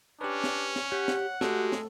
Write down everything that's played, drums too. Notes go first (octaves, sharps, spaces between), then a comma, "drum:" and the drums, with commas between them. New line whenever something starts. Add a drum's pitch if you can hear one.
C#4 D4 G4 B4
drum: snare
drum: snare
G4 C#5 F#5
drum: snare
G#3 A3 F#4 G4 A4, drum: snare
drum: snare